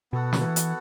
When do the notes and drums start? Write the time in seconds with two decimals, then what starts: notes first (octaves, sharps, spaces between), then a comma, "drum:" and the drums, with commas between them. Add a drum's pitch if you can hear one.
0.12 B2 B3 F#4 A4 F#5
0.33 C#3, drum: snare
0.41 E3
0.56 drum: hi-hat